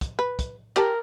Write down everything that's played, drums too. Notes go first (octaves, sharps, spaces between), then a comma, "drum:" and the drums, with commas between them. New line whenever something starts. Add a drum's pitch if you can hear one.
drum: kick, hi-hat
B4
drum: kick, hi-hat
G4 A#4 A5, drum: clap